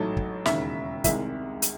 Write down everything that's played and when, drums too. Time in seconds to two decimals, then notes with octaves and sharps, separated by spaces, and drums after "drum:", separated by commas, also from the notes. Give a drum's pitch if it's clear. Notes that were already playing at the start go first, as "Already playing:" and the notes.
Already playing: A1 G#2 F#3 A3 A5
0.17 drum: kick
0.46 E1 D#2 C#3 E5, drum: snare
1.04 C2 C3 D#3 G#3 E5, drum: kick, hi-hat
1.62 drum: hi-hat